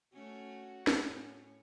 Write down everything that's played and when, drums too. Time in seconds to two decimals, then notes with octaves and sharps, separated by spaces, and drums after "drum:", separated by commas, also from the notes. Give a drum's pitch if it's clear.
0.13 A3 C#4 F#4
0.87 A2 C#4, drum: snare